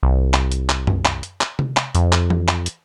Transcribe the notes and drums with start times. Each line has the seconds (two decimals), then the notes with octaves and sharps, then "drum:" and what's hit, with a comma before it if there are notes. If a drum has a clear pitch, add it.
0.03 C2
0.34 drum: clap
0.52 drum: hi-hat
0.69 drum: clap
0.87 drum: tom F#2
1.05 drum: clap
1.23 drum: hi-hat
1.41 drum: clap
1.59 drum: tom C3
1.77 drum: clap
1.95 F2, drum: hi-hat
2.12 drum: clap
2.30 drum: tom E3
2.48 drum: clap
2.66 drum: hi-hat